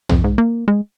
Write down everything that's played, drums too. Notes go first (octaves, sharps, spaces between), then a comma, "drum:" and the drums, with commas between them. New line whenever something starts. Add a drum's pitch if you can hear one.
F2, drum: tom
G#2
A#3
G#3